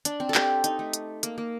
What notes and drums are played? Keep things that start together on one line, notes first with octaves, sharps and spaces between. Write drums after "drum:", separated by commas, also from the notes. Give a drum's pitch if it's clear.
D4, drum: hi-hat
C4
A4
G4, drum: clap
D#4, drum: hi-hat
A3
drum: hi-hat
A#3, drum: hi-hat
A#3